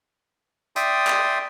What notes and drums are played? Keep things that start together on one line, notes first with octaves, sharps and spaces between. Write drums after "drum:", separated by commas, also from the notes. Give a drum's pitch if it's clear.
D5 E5 G5 C6 D#6, drum: hi-hat
drum: clap